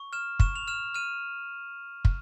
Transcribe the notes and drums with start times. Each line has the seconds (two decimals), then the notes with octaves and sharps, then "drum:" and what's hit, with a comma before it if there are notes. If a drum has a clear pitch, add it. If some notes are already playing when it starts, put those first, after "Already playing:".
Already playing: C#6
0.13 F6 E7
0.40 C#6 E7, drum: kick
0.56 F7
0.67 F6 E7
0.94 F6 D#7
2.05 drum: kick